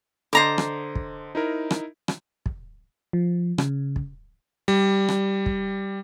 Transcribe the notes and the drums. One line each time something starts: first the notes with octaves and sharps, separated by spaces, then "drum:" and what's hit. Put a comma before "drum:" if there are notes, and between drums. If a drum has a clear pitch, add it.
D3 C5 D#5 A#5 D6 A6
drum: rim click
drum: kick
D#4 E4 A#4
drum: rim click
drum: rim click
drum: kick
F3
C#3, drum: rim click
drum: kick
G3
drum: rim click
drum: kick